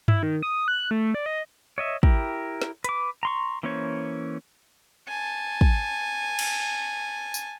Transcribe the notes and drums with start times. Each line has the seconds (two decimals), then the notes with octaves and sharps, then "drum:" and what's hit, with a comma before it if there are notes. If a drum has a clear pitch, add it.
0.08 E4, drum: tom G2
0.23 D#3
0.43 D#6
0.68 F#6
0.91 A3
1.14 D5
1.26 D#5
1.78 C#5 D#5 E5
2.03 E4 G4 A#4, drum: kick
2.62 drum: snare
2.84 B4 D6, drum: hi-hat
3.23 A#5 C6 C#6
3.63 E3 A#3 C#4 C5 C#5
5.08 G#5 A5
5.61 drum: kick
6.39 drum: cymbal
7.34 drum: tambourine